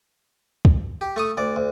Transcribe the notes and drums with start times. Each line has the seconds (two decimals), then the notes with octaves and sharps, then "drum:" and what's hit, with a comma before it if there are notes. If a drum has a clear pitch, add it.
0.65 drum: kick
1.01 G4
1.16 A3 C#6 D#6
1.37 D2 D5
1.56 D2